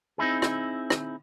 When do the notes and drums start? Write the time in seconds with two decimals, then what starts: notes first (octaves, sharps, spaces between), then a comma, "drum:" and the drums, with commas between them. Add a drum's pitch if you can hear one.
0.18 C4 D#4 E4 G#4
0.42 drum: rim click
0.90 drum: rim click